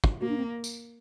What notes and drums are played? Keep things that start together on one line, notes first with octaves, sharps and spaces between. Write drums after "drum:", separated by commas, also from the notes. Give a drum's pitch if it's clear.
drum: kick
A#3 F#4
D4
C4
drum: tambourine